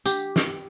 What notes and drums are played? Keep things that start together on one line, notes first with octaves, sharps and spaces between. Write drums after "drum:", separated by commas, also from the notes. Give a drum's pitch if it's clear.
G4, drum: tambourine
drum: snare